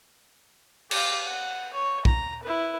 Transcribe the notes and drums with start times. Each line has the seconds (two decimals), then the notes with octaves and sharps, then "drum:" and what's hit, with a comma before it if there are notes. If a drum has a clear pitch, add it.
0.91 G4 F5, drum: cymbal
1.26 F#5
1.73 C#5
2.05 A#5, drum: kick
2.43 E4 B4